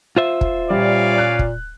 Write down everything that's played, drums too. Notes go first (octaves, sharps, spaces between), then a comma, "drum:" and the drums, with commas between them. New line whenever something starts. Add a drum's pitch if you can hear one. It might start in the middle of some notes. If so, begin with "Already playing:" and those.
F4 C5 E5
drum: kick
A#2 G3 C#4 D5 F5
F#6
drum: kick